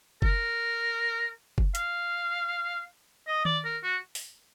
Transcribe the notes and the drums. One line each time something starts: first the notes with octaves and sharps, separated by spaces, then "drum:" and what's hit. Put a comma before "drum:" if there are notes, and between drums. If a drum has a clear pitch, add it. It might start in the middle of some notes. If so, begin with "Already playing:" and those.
A#4, drum: kick F#1
drum: kick F#1
F5, drum: hi-hat
D#5
D5, drum: tom D#3
A#4
F#4
drum: open hi-hat